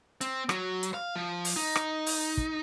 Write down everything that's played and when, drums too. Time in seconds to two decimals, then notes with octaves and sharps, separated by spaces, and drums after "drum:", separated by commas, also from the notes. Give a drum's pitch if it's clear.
0.21 C4, drum: hi-hat
0.49 F#3, drum: rim click
0.83 drum: hi-hat
0.94 F5
1.16 F3
1.45 drum: open hi-hat
1.56 D#4
1.76 drum: rim click
2.06 drum: open hi-hat
2.37 drum: kick